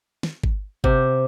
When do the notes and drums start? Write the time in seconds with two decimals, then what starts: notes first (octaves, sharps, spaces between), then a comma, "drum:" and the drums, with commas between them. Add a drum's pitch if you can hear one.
0.23 drum: snare
0.43 drum: kick G1
0.84 C3, drum: kick G1